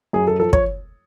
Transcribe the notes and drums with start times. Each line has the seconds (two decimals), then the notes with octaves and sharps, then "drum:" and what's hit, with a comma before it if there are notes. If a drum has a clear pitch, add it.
0.13 F#2 G#4
0.27 A4
0.39 F3 A4
0.53 C#5, drum: kick